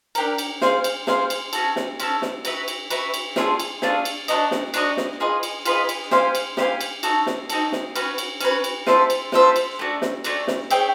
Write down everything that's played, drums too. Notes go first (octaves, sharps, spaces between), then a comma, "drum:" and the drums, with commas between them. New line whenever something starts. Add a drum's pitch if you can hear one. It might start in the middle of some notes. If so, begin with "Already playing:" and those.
D4 G4 A#4, drum: cymbal
drum: cymbal
G#4 C5 F5, drum: snare
drum: cymbal
G#4 C5 F5, drum: snare
drum: cymbal
C#4 F#4 A4, drum: cymbal
drum: snare
C#4 F#4 A4, drum: cymbal
drum: snare
F#4 B4 E5, drum: cymbal
drum: cymbal
F#4 B4 E5, drum: cymbal
drum: cymbal
A3 D4 F4 G#4, drum: snare
drum: cymbal
A3 D4 F4 G#4, drum: snare
drum: cymbal
D4 F#4 A#4 D#5, drum: cymbal
drum: snare
D4 F#4 A#4 D#5, drum: cymbal
drum: snare
F4 G#4 B4 D#5
drum: cymbal
F4 G#4 B4 D#5, drum: cymbal
drum: cymbal
G4 C5 F5 G#5, drum: snare
drum: cymbal
G4 C5 F5 G#5, drum: snare
drum: cymbal
D#4 F#4 A4, drum: cymbal
drum: snare
D#4 F#4 A4, drum: cymbal
drum: snare
C#4 F#4 B4, drum: cymbal
drum: cymbal
C#4 F#4 B4, drum: cymbal
drum: cymbal
F4 A4 C5 E5, drum: snare
drum: cymbal
F4 A4 C5 E5, drum: snare
drum: cymbal
A3 D4 F#4
drum: snare
A3 D4 F#4, drum: cymbal
drum: snare
G#4 C#5 E5 G5, drum: cymbal